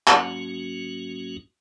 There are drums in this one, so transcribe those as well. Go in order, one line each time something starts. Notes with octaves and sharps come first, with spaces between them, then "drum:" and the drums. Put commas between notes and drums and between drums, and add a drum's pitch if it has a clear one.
G#2 F#3 A#3 C#4 F#4, drum: clap